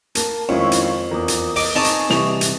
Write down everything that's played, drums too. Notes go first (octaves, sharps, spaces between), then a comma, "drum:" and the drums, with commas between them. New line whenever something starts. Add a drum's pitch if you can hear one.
A#3 A5, drum: hi-hat
F2 D#3 G#3 C#4 E4 F5 C#6
drum: hi-hat
E2 A#3 F4 A#4 D6 D#6
drum: hi-hat
D#5 D6, drum: open hi-hat
C4 D#4 G#4 D#5 A5 A#5 C#6
drum: hi-hat
C3 E3 G3 F7, drum: snare
drum: hi-hat